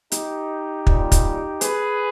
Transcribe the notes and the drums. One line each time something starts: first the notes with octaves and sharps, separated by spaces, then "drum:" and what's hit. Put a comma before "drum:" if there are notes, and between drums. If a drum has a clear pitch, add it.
D#4 G4, drum: hi-hat
A#2 G3, drum: kick
drum: kick, hi-hat
G#4 B4, drum: hi-hat